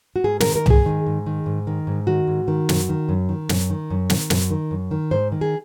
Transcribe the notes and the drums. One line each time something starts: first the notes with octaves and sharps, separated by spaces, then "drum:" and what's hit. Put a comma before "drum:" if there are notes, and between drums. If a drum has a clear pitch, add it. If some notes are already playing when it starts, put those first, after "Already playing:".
F#4
G#2 G#4
D#3 A#4, drum: snare
A#4
G#2 G#4, drum: tom C2
D#3
G#2
D#3
G#2
D#3
G#2
D#3 F#4
G#2
D#3
F#2, drum: snare
D#3
F#2
D#3
F#2, drum: snare
D#3
F#2
D#3, drum: snare
F#2, drum: snare
D#3
F#2
D#3
G#2 C5
D#3
G#4